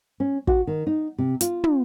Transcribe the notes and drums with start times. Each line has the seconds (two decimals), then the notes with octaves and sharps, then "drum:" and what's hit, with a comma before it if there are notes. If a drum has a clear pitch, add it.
0.20 C#4
0.47 F#4, drum: kick
0.67 D#3
0.87 D#4
1.18 C3
1.41 F4, drum: hi-hat
1.64 drum: tom